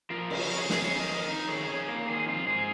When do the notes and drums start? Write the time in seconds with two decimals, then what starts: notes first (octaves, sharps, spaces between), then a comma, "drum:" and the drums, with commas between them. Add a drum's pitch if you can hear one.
0.10 F3 F4 A#4
0.30 C#3, drum: cymbal
0.40 C#5
0.49 F2 A#4
0.57 G#4 C#5
0.70 F2 G#4, drum: snare
0.84 F2 G#4 C#5
0.99 A#4 D#5
1.09 F2
1.14 A#4 D#5
1.29 D#4
1.48 D#3 G#4 C#5
1.67 F2 G#4 C#5
1.87 A#3 F4 A#4
2.07 D#3 G#4
2.27 F2 F4
2.47 G#2 G#4